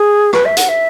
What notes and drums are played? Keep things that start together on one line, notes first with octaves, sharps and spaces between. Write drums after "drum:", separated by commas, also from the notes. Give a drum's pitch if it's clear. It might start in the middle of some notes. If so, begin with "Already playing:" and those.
Already playing: G#4
B4, drum: rim click
E5
F#5, drum: hi-hat
E5